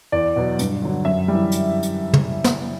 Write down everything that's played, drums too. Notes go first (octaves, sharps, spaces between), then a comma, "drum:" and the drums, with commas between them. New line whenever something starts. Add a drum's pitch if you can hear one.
E2 D5
B2 F#3
G2, drum: hi-hat
D3 F#3
F#2 E5
E3 G3
drum: hi-hat
drum: hi-hat
drum: tom
drum: snare